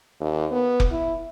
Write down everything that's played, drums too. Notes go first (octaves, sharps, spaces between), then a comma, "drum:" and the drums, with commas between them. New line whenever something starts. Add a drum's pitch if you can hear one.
D#2
B3
drum: kick F1
E4